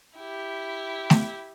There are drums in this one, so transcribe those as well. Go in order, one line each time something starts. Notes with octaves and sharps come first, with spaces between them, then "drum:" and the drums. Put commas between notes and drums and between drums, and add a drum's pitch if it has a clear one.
E4 G4
drum: snare A3